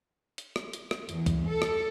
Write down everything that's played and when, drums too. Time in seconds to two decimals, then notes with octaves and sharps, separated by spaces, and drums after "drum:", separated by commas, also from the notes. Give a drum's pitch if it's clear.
0.38 drum: hi-hat
0.56 drum: rim click
0.73 drum: hi-hat
0.91 drum: rim click
1.09 E2, drum: hi-hat
1.26 drum: kick, hi-hat
1.49 A4
1.62 drum: rim click